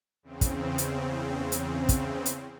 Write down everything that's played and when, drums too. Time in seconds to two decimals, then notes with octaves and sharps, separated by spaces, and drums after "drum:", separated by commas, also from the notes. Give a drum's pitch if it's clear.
0.23 E2 C#3 C4
0.41 drum: kick, hi-hat
0.78 drum: hi-hat
1.52 drum: hi-hat
1.89 drum: kick, hi-hat
2.26 drum: hi-hat